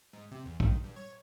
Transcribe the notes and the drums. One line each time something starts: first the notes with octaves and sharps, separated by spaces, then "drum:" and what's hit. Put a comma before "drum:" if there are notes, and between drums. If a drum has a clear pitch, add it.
G#2
C3
E2
D#3, drum: kick
G2
C#5